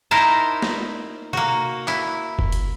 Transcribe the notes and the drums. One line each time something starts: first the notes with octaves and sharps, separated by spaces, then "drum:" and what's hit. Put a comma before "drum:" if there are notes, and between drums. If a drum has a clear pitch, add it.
D#4 E4 A#4 C5 A5 A#5
drum: snare
A#3 F#4, drum: tom C3
E4, drum: clap
drum: kick F#1
drum: hi-hat